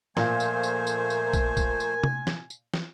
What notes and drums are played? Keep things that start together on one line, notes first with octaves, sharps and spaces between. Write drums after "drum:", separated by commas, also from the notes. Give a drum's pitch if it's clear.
A#2 F3 A3 A#4 C5 G#5, drum: snare
drum: tambourine
drum: tambourine
drum: tambourine
drum: tambourine
drum: kick A#1, tambourine
drum: kick A#1, tambourine
drum: tambourine
drum: tom C3
drum: snare
drum: tambourine
drum: snare